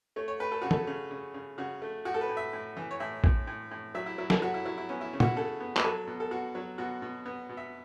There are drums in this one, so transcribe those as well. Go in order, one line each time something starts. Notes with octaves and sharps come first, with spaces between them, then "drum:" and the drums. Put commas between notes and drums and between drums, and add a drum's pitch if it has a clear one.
A3 C#5
C#5
A3 B4
A4
C#3 F#4
A4, drum: tom
C#3
C#3
C#3
C#3 F#4
A3
A2 F#4
A4
B4
A2
E5
A2
E3
C#5
A2 E5
A2, drum: kick A#1
A2
A2
F#3 E5
E4
F#3 E4
A4, drum: snare
F#3 F#4
E4
F#3 E4
E4
B3 C#4
E4
C#3 C#4
F#4, drum: tom
E4
C#3 A4
B3
B4, drum: clap
F#3 A4
B2
A4
B2 F#4
F#3
B2 F#4
B2
B3
B2
E5